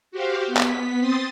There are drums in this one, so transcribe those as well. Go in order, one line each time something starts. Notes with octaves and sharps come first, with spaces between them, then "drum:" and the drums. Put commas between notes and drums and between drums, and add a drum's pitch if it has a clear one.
F#4 G4 C5 F5
B3 B6
drum: clap
C4 C6 D#6 A6